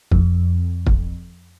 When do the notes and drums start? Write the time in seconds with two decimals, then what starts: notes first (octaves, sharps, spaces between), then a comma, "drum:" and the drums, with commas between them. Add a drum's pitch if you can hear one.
0.12 F2, drum: kick
0.86 drum: kick